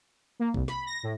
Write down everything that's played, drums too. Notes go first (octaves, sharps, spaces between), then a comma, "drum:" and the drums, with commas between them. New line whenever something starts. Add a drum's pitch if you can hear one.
A#3
C2, drum: kick B1
B5, drum: snare
A#6
A2